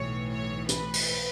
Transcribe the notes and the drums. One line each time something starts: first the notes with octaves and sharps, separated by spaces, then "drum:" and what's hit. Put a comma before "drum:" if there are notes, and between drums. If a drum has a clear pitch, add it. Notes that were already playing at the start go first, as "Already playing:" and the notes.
Already playing: B1 A2 E3 C#5
C#5
B4, drum: hi-hat
drum: open hi-hat